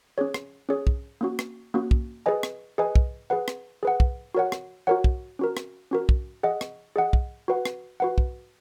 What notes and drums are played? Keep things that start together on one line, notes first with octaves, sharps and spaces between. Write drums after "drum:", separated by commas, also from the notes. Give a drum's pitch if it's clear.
C#4 G#4 C#5
drum: rim click
C#4 G#4 C#5
drum: kick
A#3 C#4 F#4
drum: rim click
A#3 C#4 F#4
drum: kick
G#4 B4 D#5 G#5
drum: rim click
G#4 B4 D#5 G#5
drum: kick
G#4 B4 F#5
drum: rim click
G#4 B4 F#5
drum: kick
F#4 A#4 C#5 F#5
drum: rim click
F#4 A#4 C#5 F#5
drum: kick
C#4 F#4 A#4
drum: rim click
C#4 F#4 A#4
drum: kick
G#4 D#5 F#5
drum: rim click
G#4 D#5 F#5
drum: kick
F#4 B4 F#5
drum: rim click
F#4 B4 F#5
drum: kick